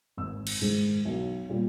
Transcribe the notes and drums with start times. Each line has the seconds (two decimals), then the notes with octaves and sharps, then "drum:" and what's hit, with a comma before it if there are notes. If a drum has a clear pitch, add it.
0.17 G#1 E6
0.47 drum: cymbal
0.61 G#2 D#3
1.05 B1
1.49 A#2 G3